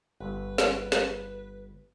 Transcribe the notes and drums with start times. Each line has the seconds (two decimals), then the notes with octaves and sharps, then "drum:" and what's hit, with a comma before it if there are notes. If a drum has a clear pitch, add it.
0.20 G1 B4
0.58 drum: snare
0.92 drum: snare